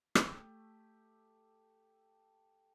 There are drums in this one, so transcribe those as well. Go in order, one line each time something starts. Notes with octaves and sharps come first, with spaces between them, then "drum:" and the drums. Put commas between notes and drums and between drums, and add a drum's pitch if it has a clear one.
A3 G4, drum: rim click